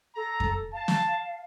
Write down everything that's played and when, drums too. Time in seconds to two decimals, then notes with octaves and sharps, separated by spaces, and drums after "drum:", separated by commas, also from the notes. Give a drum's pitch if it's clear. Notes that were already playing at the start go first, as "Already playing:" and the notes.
0.16 A4 A#5
0.40 drum: kick F2
0.73 F5 A5
0.88 drum: snare